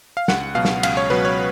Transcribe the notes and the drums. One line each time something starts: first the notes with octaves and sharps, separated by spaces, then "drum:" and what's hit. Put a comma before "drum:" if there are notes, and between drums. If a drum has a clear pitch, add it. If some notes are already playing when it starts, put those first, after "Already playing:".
F5
C#2 F#5, drum: snare
B2 F#3 F5
drum: snare
C#2 F5, drum: cymbal
C#5
B2 F#3 B4
C#5